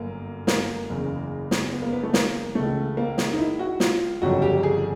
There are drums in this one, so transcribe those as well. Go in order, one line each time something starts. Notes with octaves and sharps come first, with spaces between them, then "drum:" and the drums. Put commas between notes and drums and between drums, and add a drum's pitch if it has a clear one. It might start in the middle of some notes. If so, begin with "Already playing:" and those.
Already playing: G1 F#2 A#3
A#3, drum: snare
F#1 E2 C#3
drum: snare
B3
A#3
B3
A3
A#3, drum: snare
C#2 C#3 E3 A3
A#3
drum: snare
D#4
E4
F#4
F4, drum: snare
G1 F2 C#3 F#3 F#4
G4
G#4